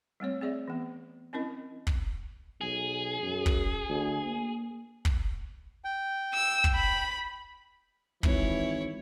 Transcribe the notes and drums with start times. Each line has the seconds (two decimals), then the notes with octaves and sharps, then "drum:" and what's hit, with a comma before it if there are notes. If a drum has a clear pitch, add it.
0.20 G3 A3 C4 C#5
0.41 C4 G#4 D5 E5
0.68 E3 B3
1.33 C4 C#4 E4 A#4 D#5
1.87 drum: kick
2.61 B1 G#4
3.22 F#2
3.46 drum: kick
3.89 D2
4.26 A#3
5.05 drum: kick
5.85 G5
6.34 E6
6.64 drum: kick
6.75 B5
8.23 G#1 E3 E4 C#5, drum: kick